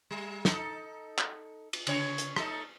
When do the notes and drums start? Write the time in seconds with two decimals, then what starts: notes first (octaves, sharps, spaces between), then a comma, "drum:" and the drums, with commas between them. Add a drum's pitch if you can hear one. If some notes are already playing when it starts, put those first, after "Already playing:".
0.11 G3
0.45 D#4 A4, drum: snare
1.18 drum: clap
1.73 drum: cymbal
1.87 C#3 C#5, drum: cymbal
2.18 drum: hi-hat
2.36 A3 D#4 A4, drum: rim click